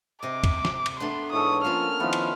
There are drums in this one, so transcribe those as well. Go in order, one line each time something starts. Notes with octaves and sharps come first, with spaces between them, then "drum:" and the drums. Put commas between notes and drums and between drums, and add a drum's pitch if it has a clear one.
C3 D#5 D6
drum: kick, cymbal
drum: snare
drum: cymbal
A3 B3 D4 C6
G#2 E3 A4 C#5 D#6
F3 A#3 B3 C#4 F4 F6
D#3 F3 A3 B3 E4 F4
drum: cymbal